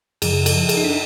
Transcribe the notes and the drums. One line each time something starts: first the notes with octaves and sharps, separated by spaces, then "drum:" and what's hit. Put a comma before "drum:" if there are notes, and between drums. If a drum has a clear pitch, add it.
F#2 C#3 F3 G#4, drum: cymbal
A4, drum: cymbal
G#4, drum: cymbal
D#4
D4